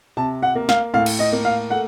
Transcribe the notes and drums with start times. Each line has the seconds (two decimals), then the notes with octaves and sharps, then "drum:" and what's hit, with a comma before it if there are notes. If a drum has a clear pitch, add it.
0.17 C3 A5
0.43 F#5
0.55 A#3
0.69 F5, drum: snare
0.94 A2 F5
1.06 drum: cymbal
1.19 D#5
1.33 A#3
1.45 F5
1.70 A3 F#5